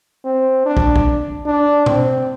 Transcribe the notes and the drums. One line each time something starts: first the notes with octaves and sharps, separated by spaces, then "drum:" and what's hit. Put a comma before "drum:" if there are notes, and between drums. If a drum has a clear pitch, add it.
C4
D4
drum: kick
drum: kick
D4
C4, drum: tom B2